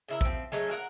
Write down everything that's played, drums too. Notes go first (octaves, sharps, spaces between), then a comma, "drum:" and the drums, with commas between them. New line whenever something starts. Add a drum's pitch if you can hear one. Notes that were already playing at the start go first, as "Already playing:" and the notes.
C#3 E4 A#4
F3 C4, drum: kick
F#3 G#3 A3 C#4
F#4 A#4 E5 F#5